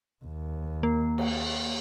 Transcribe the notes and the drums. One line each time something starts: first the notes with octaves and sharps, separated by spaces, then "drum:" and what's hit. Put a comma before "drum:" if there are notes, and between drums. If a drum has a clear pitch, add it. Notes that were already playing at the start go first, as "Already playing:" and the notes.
D#2
A#3
drum: cymbal